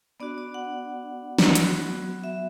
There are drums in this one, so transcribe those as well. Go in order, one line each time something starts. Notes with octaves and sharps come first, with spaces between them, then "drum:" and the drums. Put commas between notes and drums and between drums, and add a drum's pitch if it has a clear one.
B3 D4 F#4 D5
D5
F#5
drum: snare
F#3 B3 F#4, drum: hi-hat
E5